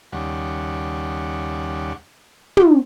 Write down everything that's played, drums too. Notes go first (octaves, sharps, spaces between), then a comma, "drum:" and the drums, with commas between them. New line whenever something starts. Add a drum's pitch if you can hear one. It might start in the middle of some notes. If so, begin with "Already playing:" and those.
D#2 C#3 G3 F#5
drum: tom